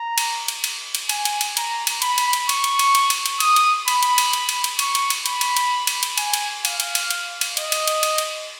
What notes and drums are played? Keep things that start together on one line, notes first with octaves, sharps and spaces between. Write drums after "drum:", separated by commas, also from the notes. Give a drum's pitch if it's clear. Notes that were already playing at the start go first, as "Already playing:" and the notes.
Already playing: A#5
drum: cymbal
drum: cymbal
drum: cymbal
drum: cymbal
G#5, drum: cymbal
drum: cymbal
drum: cymbal
A#5, drum: cymbal
drum: cymbal
B5, drum: cymbal
drum: cymbal
drum: cymbal
C#6, drum: cymbal
drum: cymbal
drum: cymbal
drum: cymbal
drum: cymbal
drum: cymbal
D#6, drum: cymbal
drum: cymbal
B5, drum: cymbal
drum: cymbal
drum: cymbal
drum: cymbal
drum: cymbal
drum: cymbal
C#6, drum: cymbal
drum: cymbal
drum: cymbal
B5, drum: cymbal
drum: cymbal
drum: cymbal
drum: cymbal
drum: cymbal
G#5, drum: cymbal
drum: cymbal
F5, drum: cymbal
drum: cymbal
drum: cymbal
drum: cymbal
drum: cymbal
D#5, drum: cymbal
drum: cymbal
drum: cymbal
drum: cymbal
drum: cymbal